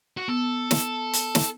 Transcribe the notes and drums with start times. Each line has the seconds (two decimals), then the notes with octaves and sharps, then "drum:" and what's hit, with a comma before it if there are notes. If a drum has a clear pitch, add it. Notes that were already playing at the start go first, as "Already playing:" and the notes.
0.17 F#4
0.28 B3 A4
0.71 drum: snare
1.13 drum: hi-hat
1.35 drum: snare